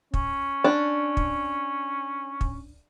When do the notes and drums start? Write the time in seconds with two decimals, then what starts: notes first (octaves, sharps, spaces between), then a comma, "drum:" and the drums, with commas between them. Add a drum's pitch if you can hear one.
0.14 C#4, drum: kick
0.64 D4
1.17 drum: kick
2.41 drum: kick